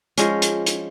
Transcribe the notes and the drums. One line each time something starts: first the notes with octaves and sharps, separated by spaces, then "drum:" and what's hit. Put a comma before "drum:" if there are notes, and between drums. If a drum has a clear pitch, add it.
F3 G#3 C#4, drum: hi-hat
drum: hi-hat
drum: hi-hat